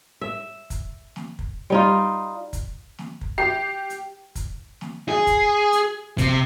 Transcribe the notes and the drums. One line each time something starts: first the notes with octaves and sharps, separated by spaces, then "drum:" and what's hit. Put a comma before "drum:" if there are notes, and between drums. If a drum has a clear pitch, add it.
E5
drum: kick, hi-hat
drum: snare
drum: kick
G3 D#4 F4
drum: kick, hi-hat
drum: snare
drum: kick
G4 C7
drum: hi-hat
drum: kick, hi-hat
drum: snare
G#4
drum: kick, hi-hat
drum: hi-hat
C3, drum: kick, hi-hat